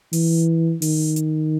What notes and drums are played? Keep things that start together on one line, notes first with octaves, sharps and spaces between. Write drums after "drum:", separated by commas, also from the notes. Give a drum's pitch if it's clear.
E3, drum: open hi-hat
D#3, drum: open hi-hat
drum: hi-hat